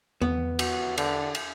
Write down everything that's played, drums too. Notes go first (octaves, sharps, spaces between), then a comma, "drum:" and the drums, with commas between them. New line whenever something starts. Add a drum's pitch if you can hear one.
B3, drum: tom E2
F#4, drum: cymbal
D3, drum: cymbal
drum: cymbal